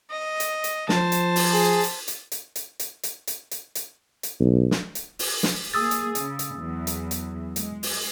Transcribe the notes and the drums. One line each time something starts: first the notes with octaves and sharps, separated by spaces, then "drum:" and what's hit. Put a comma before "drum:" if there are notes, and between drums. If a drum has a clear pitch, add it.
D#5
drum: hi-hat
drum: hi-hat
F3 C5 A5, drum: snare
drum: hi-hat
drum: open hi-hat
G#4
drum: hi-hat
drum: hi-hat
drum: hi-hat
drum: hi-hat
drum: hi-hat
drum: hi-hat
drum: hi-hat
drum: hi-hat
drum: hi-hat
drum: hi-hat
B1
drum: snare
drum: hi-hat
drum: open hi-hat
drum: snare
A#3 G#4 D#6 E6 A6
drum: hi-hat
C#3, drum: hi-hat
drum: hi-hat
E2 F#3
drum: hi-hat
drum: hi-hat
G#3, drum: hi-hat
drum: open hi-hat